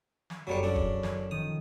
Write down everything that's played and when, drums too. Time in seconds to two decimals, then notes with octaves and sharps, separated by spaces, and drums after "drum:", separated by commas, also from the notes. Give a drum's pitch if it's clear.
0.30 drum: snare
0.47 F#1 F#3 G3 A4 F#5
0.63 F#2 D4
0.76 drum: kick E1
1.03 drum: snare
1.31 D#3 F3 D#6